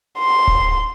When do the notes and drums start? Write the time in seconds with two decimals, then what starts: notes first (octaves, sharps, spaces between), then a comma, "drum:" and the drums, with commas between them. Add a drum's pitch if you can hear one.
0.19 C6
0.48 drum: kick D1